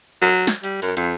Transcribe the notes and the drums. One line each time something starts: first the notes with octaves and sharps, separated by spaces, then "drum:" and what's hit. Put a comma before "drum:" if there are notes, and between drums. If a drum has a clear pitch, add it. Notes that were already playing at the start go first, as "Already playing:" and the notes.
F#3
drum: snare
G3, drum: hi-hat
F#2, drum: open hi-hat
F2, drum: hi-hat